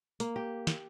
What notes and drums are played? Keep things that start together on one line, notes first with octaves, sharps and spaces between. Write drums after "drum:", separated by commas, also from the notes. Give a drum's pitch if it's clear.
A#3, drum: hi-hat
G4
drum: snare